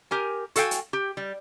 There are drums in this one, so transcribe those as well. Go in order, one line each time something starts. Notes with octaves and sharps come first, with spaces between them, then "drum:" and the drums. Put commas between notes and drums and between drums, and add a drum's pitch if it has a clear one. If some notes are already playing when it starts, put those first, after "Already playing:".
G4 A#4 G#5
F#4 A4 F5 G5 G#5, drum: hi-hat
drum: hi-hat
G4
G3